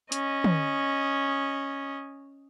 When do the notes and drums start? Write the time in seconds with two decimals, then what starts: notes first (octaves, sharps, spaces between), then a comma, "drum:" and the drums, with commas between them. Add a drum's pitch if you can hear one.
0.12 C#4 D#5, drum: hi-hat
0.44 drum: tom